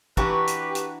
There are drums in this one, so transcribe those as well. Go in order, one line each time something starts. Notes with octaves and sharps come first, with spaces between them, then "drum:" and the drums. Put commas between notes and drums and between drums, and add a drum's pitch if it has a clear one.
E3 D4 F#4 G4 B4 A#5 B5 C#6, drum: kick
drum: hi-hat
drum: hi-hat